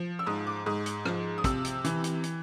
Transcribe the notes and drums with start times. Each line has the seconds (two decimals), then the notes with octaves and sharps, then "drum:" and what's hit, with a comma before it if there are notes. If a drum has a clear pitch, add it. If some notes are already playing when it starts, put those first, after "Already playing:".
Already playing: F3
0.19 E6
0.26 G#2 D#6
0.47 D6
0.66 G#2 D#6
0.86 drum: hi-hat
1.05 F3, drum: rim click
1.38 D#6
1.44 C3 E6, drum: kick, hi-hat
1.65 drum: hi-hat
1.84 E3, drum: hi-hat
2.04 drum: hi-hat
2.24 drum: hi-hat